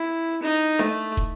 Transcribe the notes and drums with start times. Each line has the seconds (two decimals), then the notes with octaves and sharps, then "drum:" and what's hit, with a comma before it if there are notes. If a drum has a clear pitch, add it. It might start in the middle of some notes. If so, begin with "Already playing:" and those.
Already playing: E4
0.42 D#4
0.79 A3, drum: snare D4
1.17 drum: kick